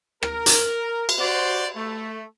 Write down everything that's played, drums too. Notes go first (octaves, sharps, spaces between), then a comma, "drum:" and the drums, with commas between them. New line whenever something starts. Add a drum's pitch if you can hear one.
A#4, drum: rim click
drum: hi-hat
drum: cymbal
F#4 C5 D5
A3